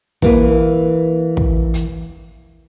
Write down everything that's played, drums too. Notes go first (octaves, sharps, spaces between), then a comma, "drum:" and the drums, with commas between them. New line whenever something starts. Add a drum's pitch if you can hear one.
E3 A#3 B4, drum: kick
drum: kick
drum: hi-hat